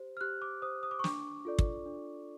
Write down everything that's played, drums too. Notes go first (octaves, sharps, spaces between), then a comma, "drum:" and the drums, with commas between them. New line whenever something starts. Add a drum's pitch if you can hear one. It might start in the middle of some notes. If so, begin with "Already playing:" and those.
Already playing: G4 C5
F6
G4 F#6
D6
C5 D#6
D#6
D6
C#6
D4 D6, drum: snare
F4 A4 D5
drum: kick
D4